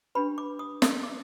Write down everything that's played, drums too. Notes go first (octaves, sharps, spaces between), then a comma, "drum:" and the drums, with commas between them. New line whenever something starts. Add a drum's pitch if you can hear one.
D4 G4 B4 B5
D6
D#6
E6, drum: snare
D6